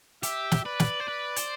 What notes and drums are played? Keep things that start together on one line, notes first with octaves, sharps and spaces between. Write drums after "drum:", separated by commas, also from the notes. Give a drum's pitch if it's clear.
G4 E5, drum: hi-hat
drum: snare
B4 D5
drum: snare
C5
B4
C5, drum: hi-hat